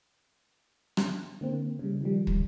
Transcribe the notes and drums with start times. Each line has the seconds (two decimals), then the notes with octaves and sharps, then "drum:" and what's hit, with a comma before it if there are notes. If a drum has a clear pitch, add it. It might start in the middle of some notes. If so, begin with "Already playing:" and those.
0.97 drum: rim click
1.41 D3 A#3 C4
1.79 C#3 G3
2.01 D#3 F3 G3
2.27 drum: kick